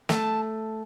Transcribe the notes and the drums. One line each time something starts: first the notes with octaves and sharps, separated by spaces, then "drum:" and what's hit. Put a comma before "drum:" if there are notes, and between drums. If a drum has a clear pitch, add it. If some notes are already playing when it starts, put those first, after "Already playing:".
A3 A5, drum: snare